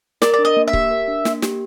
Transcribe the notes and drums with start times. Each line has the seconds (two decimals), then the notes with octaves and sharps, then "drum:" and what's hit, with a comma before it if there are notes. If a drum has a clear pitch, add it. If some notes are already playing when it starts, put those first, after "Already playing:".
0.22 A#4 D5, drum: snare
0.34 D5
0.39 D4
0.45 D#5
0.57 A#3
0.68 E5
0.73 G4, drum: kick C#1
0.91 A#4
1.08 D4
1.25 A#3, drum: snare
1.42 G4, drum: snare